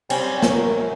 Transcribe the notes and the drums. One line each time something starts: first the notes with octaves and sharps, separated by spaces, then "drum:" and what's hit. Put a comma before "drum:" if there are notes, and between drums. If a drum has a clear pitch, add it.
F#3 G3 C4 C#4, drum: cymbal
drum: snare
F#2 A#4